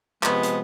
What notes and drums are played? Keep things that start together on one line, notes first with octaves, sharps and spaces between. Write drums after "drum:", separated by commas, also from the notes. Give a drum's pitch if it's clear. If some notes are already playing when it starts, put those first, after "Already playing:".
C3 F3 G#3 B3, drum: clap
drum: hi-hat